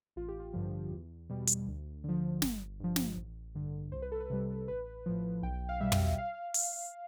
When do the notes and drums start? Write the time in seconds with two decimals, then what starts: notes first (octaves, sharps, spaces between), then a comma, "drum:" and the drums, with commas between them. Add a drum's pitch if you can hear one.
0.16 A1 F4
0.28 G4
0.40 F4
0.54 G2 D3 F3
0.92 E2
1.30 B2 G3
1.47 drum: hi-hat
1.67 D2
2.04 D3 F3
2.42 G1, drum: snare
2.80 G2 F3
2.96 drum: snare
3.17 A1
3.55 G2 D3
3.92 C2 C5
4.02 B4
4.12 A4
4.20 B4
4.30 C3 G3
4.68 A1 B4
5.06 A2 F3
5.43 B1 G5
5.69 F5
5.80 B2 G3 E5
5.92 drum: tom
6.18 F5
6.54 drum: open hi-hat